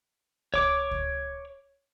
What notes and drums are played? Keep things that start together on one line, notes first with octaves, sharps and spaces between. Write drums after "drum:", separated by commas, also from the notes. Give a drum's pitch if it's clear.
C#5 D6, drum: kick C#2
drum: kick C#2